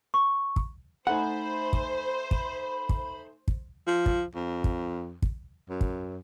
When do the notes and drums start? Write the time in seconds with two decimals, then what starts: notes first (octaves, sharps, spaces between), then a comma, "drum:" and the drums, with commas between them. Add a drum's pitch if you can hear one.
0.14 C#6
0.56 drum: kick
1.07 A3 D#4 C5 F#5 G#5 B5
1.73 drum: kick
2.31 drum: kick
2.89 drum: kick
3.48 drum: kick
3.87 F3
4.06 drum: kick
4.35 F2
4.64 drum: kick
5.22 drum: kick
5.69 F#2
5.81 drum: kick